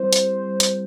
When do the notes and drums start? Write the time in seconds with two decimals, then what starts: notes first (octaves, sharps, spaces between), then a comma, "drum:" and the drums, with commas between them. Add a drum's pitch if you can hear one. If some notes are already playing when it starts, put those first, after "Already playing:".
Already playing: G3 C4 E4 C5
0.13 G4, drum: hi-hat
0.44 G3
0.60 drum: hi-hat